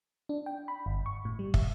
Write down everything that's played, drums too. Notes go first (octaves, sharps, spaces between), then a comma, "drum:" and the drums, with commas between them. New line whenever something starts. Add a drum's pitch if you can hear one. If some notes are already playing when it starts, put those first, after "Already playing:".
D4
G5
B5
G1
C#6
A2
G3
E5, drum: kick